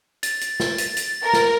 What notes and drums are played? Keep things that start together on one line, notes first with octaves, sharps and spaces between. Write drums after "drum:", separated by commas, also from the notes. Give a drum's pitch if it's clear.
A6, drum: hi-hat
drum: hi-hat
drum: snare
drum: hi-hat
drum: hi-hat
A#4
drum: snare